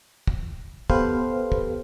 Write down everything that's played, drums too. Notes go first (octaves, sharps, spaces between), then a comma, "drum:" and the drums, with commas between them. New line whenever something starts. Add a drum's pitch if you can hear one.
drum: kick
B3 G4 A4 B4 C5 F5, drum: kick
drum: kick